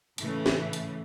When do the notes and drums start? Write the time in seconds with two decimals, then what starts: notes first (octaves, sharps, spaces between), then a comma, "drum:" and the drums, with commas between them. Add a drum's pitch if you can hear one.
0.18 A2 C#3 E3 A3, drum: hi-hat
0.46 drum: snare
0.73 drum: hi-hat